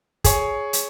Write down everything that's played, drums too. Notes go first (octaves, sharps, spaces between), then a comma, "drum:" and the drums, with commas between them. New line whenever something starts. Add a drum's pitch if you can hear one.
G#4 C#5, drum: kick, hi-hat
drum: hi-hat